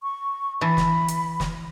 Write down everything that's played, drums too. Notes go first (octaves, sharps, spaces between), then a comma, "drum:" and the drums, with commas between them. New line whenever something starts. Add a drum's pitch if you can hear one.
C#6
E3 A5 B5
drum: snare
drum: hi-hat
drum: snare